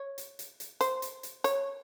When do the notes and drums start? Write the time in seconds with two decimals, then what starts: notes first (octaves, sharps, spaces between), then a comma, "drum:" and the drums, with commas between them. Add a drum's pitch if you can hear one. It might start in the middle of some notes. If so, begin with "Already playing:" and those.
Already playing: C#5
0.18 drum: hi-hat
0.39 drum: hi-hat
0.60 drum: hi-hat
0.81 C5, drum: hi-hat
1.02 drum: hi-hat
1.23 drum: hi-hat
1.44 C#5, drum: hi-hat